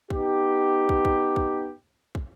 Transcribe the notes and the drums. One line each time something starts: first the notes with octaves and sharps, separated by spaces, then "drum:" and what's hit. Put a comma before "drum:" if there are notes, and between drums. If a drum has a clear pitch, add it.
B3 D#4 G4, drum: kick
drum: kick
drum: kick
drum: kick
drum: kick